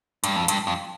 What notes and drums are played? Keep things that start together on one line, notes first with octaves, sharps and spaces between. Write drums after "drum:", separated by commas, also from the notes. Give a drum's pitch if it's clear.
G2, drum: hi-hat
F2
G2, drum: hi-hat
F2